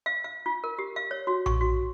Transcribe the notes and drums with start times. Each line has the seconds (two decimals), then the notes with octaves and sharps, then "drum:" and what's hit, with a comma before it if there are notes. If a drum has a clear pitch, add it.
0.06 F5
0.24 F5
0.46 F4
0.64 A#4
0.79 G4
0.96 F5
1.11 C#5
1.27 F#4
1.46 C#6, drum: tom A#1
1.61 F#4